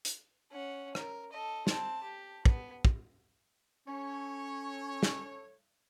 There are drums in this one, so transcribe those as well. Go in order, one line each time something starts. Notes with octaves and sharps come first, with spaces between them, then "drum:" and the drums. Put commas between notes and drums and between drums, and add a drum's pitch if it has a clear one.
drum: hi-hat
C#4 F#5
A#4, drum: rim click
A4 D#5
C4 A5, drum: snare
G4
B3, drum: kick
drum: kick
C#4 A4 C#5
drum: snare